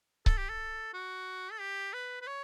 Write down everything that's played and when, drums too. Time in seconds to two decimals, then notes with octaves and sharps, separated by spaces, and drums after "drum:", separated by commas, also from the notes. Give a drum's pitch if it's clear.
0.26 A4, drum: kick C#1
0.38 G4
0.49 A4
0.94 F#4
1.52 A4
1.60 G4
1.93 B4
2.21 B4
2.27 C#5